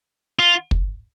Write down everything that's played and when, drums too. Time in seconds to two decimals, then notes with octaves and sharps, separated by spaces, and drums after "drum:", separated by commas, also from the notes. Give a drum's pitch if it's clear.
0.39 F4
0.71 drum: kick